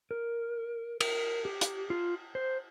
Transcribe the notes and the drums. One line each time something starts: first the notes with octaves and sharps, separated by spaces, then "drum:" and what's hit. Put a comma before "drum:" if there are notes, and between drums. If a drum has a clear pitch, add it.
A#4
A#4, drum: cymbal
G4
drum: hi-hat
F4
C5